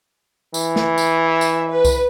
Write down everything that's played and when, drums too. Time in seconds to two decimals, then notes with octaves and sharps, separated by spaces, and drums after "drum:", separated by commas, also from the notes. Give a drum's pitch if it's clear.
0.54 E3, drum: tambourine
0.76 drum: snare
0.98 drum: tambourine
1.25 E5
1.41 drum: tambourine
1.70 B4
1.85 drum: kick C2, tambourine